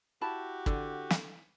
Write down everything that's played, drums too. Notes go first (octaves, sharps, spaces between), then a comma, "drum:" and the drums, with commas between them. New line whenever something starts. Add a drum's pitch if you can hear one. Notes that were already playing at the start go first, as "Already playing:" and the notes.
E4 F#4 G4 A5 B5
D3, drum: kick
drum: snare